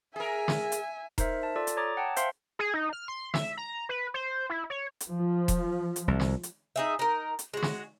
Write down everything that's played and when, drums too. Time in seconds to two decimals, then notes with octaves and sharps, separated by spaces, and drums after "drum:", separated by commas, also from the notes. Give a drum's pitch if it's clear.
0.16 G#4 A#4 E5 G#5
0.48 drum: snare
0.72 drum: hi-hat
1.18 D#4 A#4 C5 E5, drum: kick E1, hi-hat
1.43 A5
1.56 F4 A4 D5
1.67 drum: hi-hat
1.77 C#5 A#5 D6 D#6 A6
1.97 F#5 G5 A5
2.16 C5 E5 F5 C6, drum: hi-hat
2.59 G#4
2.74 D#4
2.93 F6
3.08 C6
3.34 E5, drum: snare
3.57 A#5
3.89 B4
4.14 C5
4.50 E4
4.70 C#5
5.00 drum: hi-hat
5.13 F3
5.48 drum: kick E1, hi-hat
5.96 drum: hi-hat
6.08 C2
6.20 drum: snare
6.43 drum: hi-hat
6.76 D#4 G#4 E5
6.99 D#4 A#4
7.39 drum: hi-hat
7.53 G#3 F#4
7.62 drum: snare